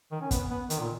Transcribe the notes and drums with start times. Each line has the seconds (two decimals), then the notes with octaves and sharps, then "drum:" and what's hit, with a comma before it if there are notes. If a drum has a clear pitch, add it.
0.12 D#3
0.21 C#4
0.31 B3, drum: kick, hi-hat
0.50 B3
0.70 D#3, drum: hi-hat
0.80 A#2